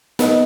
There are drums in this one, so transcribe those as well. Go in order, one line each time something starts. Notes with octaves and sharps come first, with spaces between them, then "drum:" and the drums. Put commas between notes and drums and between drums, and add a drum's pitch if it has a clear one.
B3 D#4 A#4 D#5, drum: snare